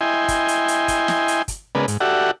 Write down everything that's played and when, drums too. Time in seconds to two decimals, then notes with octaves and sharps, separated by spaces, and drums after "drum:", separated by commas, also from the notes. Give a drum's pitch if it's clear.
0.01 E4 D#5 G5 G#5 C6
0.28 drum: kick, hi-hat
0.48 drum: hi-hat
0.68 drum: hi-hat
0.88 drum: kick, hi-hat
1.08 drum: snare
1.28 drum: hi-hat
1.48 drum: kick, hi-hat
1.75 C#3 G#3 B3 A#4 B4 D5
1.88 G#2, drum: hi-hat
2.00 F#4 G4 A4 D5 E5 F#5